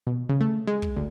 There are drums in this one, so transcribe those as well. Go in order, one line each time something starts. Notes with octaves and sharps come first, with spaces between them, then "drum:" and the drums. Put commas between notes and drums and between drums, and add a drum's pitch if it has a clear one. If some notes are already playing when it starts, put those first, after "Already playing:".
B2
C#3
A3
G#3
drum: kick
D2